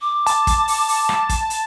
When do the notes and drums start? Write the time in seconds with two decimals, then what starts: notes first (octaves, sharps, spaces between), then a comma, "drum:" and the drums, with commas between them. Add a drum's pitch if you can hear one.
0.01 D6
0.26 A5, drum: hi-hat
0.47 drum: kick, hi-hat
0.68 drum: open hi-hat
0.88 drum: open hi-hat
1.09 drum: rim click
1.29 drum: kick, hi-hat
1.50 drum: hi-hat